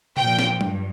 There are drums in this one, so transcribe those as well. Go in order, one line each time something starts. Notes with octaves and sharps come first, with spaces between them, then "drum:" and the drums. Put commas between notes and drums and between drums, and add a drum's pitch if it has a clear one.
A#2 F3 G5, drum: tom C3
drum: snare
G2, drum: tom F#3